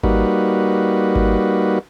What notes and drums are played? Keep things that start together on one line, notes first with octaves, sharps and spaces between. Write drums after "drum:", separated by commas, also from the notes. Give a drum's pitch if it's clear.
G3 A#3 D#4 F#4 B4, drum: kick G#1
drum: kick G#1